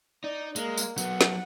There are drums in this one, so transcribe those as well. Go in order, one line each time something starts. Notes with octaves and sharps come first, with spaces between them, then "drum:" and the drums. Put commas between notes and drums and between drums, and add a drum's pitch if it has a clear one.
D#4 D5
G#3 A#3, drum: tambourine
drum: tambourine
F#3 B3 F#5, drum: tambourine
drum: snare